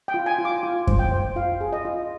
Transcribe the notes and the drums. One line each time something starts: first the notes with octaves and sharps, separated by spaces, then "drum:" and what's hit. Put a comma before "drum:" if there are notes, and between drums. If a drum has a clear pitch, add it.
G5
F4
G#5
F4
D6
F4
C5, drum: kick F#2
G5
C5
F4 F5
G#4
D#5
F4